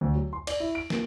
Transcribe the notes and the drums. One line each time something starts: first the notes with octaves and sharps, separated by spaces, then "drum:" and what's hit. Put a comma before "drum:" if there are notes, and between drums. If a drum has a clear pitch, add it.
D2
F#3
C6
D5, drum: cymbal
E4
D7
A#3, drum: snare